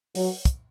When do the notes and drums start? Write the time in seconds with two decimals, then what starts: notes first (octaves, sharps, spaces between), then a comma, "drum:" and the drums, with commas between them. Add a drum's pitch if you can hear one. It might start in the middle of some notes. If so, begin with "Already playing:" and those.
0.15 F#3, drum: open hi-hat
0.45 drum: kick, hi-hat